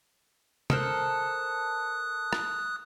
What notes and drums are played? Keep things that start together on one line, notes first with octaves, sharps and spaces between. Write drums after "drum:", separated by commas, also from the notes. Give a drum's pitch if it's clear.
A4 A#4 C5 D#6 F#6, drum: tom C3
drum: rim click